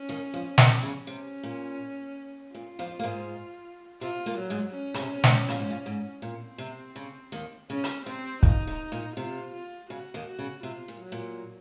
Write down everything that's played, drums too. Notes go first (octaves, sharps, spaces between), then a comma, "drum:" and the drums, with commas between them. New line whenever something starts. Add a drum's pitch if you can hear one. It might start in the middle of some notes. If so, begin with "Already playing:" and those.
Already playing: C#4
D#2 D#3
F2 F3
D#2 D#3, drum: snare
C#3
C3 C#4
A#2
A#2 F4
F2 F3
A#3
G#2 G#3
C3 C4 F4
A#2 A#3
F#3
G#2 G#3
C#4
C#3, drum: hi-hat
C3
G#2, drum: snare
A#2, drum: hi-hat
G#2
A#2
G#2
A#2 C4
C3
C#3
D#2 D#3
C#3 C#4
drum: hi-hat
C3 C4
A#2 D#4, drum: kick
C3
A#2
C3 F4
F4
C#3 F#4
D#2 D#3
F#4
C#3
C3 F4
A#2
F#3
A#2